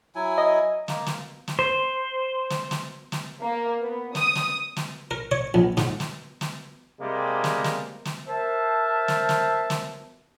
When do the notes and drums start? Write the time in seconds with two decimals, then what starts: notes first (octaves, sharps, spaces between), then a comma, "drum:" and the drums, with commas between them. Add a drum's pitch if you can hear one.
0.15 F#3 E4 G#5
0.38 D#5
0.88 A#3, drum: snare
1.06 drum: snare
1.48 drum: snare
1.59 C5
2.50 drum: snare
2.71 drum: snare
3.12 drum: snare
3.42 A#3
3.81 B3
4.15 D#6, drum: snare
4.35 drum: snare
4.76 drum: snare
5.11 A#4
5.32 C#5
5.54 A#1
5.77 G#2, drum: snare
6.00 drum: snare
6.41 drum: snare
7.00 C3 G3 G#3 A#3
7.44 drum: snare
7.64 drum: snare
8.05 drum: snare
8.28 A#4 C5 E5 A5
9.08 drum: snare
9.29 drum: snare
9.70 drum: snare